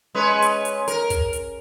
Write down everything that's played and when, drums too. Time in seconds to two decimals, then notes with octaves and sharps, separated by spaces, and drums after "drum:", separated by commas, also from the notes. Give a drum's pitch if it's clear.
0.15 G#3 C#4 B4
0.42 drum: hi-hat
0.65 drum: hi-hat
0.88 A#4, drum: hi-hat
1.10 drum: kick, hi-hat
1.33 drum: hi-hat